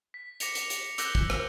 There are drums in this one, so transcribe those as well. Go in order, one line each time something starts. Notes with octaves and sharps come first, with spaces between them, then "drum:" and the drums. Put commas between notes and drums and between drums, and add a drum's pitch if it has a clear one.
B6
D6 A#6 C#7 F7, drum: hi-hat
drum: hi-hat
drum: hi-hat
D6 E6 F#6 G6 A#6 G7, drum: hi-hat
drum: kick
drum: rim click